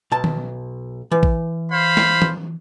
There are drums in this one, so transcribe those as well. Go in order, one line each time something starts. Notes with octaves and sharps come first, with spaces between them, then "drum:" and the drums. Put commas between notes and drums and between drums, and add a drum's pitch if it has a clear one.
B1 A5
drum: tom
E3
drum: kick A#1
C5 F5 B5
drum: snare
drum: tom